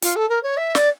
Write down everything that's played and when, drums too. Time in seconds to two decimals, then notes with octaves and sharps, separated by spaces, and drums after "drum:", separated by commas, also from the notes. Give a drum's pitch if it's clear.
0.02 F4, drum: hi-hat
0.16 A4
0.29 A#4
0.43 C#5
0.57 E5
0.75 D5, drum: snare